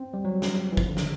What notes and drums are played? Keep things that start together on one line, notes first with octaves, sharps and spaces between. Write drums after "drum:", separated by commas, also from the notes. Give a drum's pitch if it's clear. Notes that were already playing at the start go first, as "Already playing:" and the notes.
Already playing: C4
G3
F#3
drum: snare
E3
F3, drum: kick
D3
D#3, drum: snare